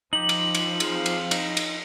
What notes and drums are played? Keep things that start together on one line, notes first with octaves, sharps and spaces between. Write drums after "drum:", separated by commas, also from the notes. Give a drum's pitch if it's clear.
F3 D#4 G4 F#7
drum: cymbal
drum: cymbal
C4 G#4 F5, drum: cymbal
drum: cymbal
D#4, drum: cymbal
drum: cymbal